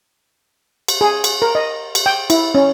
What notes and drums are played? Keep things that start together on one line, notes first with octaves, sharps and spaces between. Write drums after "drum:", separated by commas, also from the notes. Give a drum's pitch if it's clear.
drum: cymbal
G#4
drum: cymbal
A#4
D#5
drum: cymbal
G5
E4, drum: cymbal
C#4